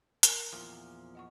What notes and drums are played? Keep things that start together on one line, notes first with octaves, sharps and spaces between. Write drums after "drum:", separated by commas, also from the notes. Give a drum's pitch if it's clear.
A#4 G#5, drum: hi-hat
E2 A#2 F3
D#5 F#5 C#6